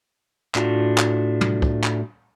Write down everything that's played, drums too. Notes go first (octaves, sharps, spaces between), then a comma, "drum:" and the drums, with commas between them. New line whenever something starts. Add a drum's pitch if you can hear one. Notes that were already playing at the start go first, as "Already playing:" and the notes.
A2 A3 D4 F4 F#4, drum: clap
drum: clap
drum: tom
drum: kick
drum: clap